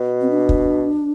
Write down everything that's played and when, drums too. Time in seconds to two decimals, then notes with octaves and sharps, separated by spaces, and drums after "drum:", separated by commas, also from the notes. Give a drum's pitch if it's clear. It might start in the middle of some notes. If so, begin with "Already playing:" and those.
Already playing: B2
0.21 C4
0.30 D4
0.49 drum: kick